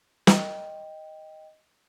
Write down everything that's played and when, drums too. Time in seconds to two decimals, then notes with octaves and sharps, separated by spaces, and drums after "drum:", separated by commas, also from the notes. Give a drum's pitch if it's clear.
0.27 D#5 G5, drum: snare